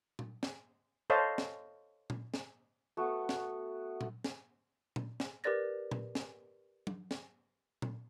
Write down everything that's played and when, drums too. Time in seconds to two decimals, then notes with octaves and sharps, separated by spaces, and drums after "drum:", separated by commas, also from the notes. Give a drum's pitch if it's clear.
0.19 drum: tom A#2
0.43 drum: snare
1.10 A4 C5 C#5 D#5 F5 A5
1.38 drum: snare
2.10 drum: tom A#2
2.34 drum: snare
2.97 A3 B3 F#4
3.29 drum: snare
4.01 drum: tom A#2
4.24 drum: snare
4.96 drum: tom A#2
5.20 drum: snare
5.44 G4 A#4 B4 D5 A6 A#6
5.91 drum: tom A#2
6.15 drum: snare
6.87 drum: tom F#3
7.11 drum: snare
7.82 drum: tom A#2